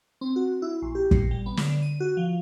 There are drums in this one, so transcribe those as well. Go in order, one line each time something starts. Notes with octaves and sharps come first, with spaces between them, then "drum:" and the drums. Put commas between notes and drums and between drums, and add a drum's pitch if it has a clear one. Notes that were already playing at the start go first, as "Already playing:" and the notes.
C4
F#4
E4
A#1
G4
A#2, drum: kick
G3
B3
D3, drum: snare
D#7
F#4
F3